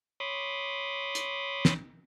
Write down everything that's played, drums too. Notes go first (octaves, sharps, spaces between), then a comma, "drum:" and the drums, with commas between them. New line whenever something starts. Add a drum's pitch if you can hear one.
C#5 B5 C6 D6 D#6
drum: hi-hat
drum: snare